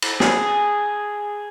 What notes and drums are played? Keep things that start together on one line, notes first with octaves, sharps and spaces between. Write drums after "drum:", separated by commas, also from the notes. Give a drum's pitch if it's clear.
drum: cymbal
G#4, drum: snare